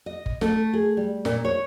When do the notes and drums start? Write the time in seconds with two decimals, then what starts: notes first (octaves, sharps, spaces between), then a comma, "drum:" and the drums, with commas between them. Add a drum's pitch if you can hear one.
0.06 D#5
0.26 drum: kick G1
0.41 A3, drum: snare
0.73 G#4
0.97 G3
1.25 A#2, drum: snare
1.45 C#5